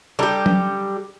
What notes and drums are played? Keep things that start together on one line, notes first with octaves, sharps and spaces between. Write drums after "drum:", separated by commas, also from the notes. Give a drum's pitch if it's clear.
G3 D4 G4 A4 A#5
drum: tom F#3